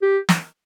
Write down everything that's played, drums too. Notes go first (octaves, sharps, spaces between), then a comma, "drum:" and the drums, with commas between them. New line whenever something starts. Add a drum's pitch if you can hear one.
G4
drum: snare